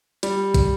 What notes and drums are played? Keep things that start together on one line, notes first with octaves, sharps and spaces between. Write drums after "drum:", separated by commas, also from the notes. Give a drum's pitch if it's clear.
G3, drum: hi-hat
drum: kick, hi-hat